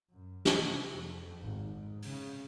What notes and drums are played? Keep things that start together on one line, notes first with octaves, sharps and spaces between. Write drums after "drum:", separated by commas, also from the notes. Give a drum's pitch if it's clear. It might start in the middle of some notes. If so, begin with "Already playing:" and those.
F#2
drum: snare
C3
F2
G#1
G#2
C#3, drum: open hi-hat